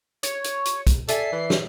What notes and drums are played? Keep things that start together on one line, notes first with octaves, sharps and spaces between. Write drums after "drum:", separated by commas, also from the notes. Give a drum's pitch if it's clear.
C#5, drum: hi-hat
drum: hi-hat
drum: hi-hat
drum: kick, hi-hat
A4 D5 E5 G#5 C7, drum: hi-hat
E3
drum: snare